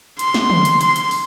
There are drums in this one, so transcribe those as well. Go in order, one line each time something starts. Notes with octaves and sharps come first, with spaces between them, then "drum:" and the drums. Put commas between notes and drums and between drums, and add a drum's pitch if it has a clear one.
C6, drum: hi-hat
drum: snare
drum: tom
drum: hi-hat
C6, drum: hi-hat
drum: hi-hat
drum: open hi-hat